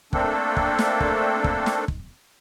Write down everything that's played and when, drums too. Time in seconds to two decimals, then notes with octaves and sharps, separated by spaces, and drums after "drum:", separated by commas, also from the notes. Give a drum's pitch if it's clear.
0.13 A3 A#3 C4 D4 A4, drum: kick
0.57 drum: kick
0.79 drum: snare
1.00 drum: kick
1.44 drum: kick
1.66 drum: snare
1.88 drum: kick